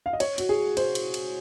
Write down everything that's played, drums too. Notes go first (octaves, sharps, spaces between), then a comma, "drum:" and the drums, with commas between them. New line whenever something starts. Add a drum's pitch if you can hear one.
F5
D#5
C#5, drum: cymbal
F#4, drum: cymbal
G#4
C5, drum: cymbal
drum: cymbal
drum: cymbal